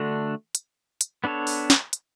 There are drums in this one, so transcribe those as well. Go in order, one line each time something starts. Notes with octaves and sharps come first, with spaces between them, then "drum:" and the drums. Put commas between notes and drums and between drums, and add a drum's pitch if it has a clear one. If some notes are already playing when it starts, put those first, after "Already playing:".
Already playing: D3 A3 D4 F#4
drum: hi-hat
drum: hi-hat
B3 D4 A4 C#5
drum: open hi-hat
drum: snare
drum: hi-hat